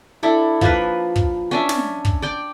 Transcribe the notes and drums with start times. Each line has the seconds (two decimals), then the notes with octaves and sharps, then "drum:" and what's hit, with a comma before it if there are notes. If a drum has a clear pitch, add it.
0.23 D4 E4 A4
0.61 F3 A#3 F4 B4, drum: kick
1.16 drum: kick
1.51 C#4 D4 E5
1.69 drum: snare
2.05 drum: kick
2.22 D5 G5 D6